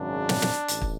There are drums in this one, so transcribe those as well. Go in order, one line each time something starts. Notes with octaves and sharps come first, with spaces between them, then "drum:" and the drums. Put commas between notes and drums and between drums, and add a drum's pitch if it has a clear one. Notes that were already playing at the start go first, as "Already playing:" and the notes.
Already playing: G#1 F#2 C#3 D4
drum: snare
drum: snare
A1, drum: hi-hat
drum: kick